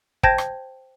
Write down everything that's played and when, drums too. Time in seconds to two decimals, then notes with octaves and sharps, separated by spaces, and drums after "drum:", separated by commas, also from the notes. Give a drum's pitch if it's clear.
0.23 C5 G5 A5 G6 G#6 A#6, drum: kick
0.38 drum: rim click